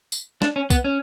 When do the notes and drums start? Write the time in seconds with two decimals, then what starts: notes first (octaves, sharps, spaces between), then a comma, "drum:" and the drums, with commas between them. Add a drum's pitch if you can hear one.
0.12 drum: tambourine
0.42 D4, drum: snare
0.56 C#4
0.70 B3, drum: kick, tambourine
0.84 C#4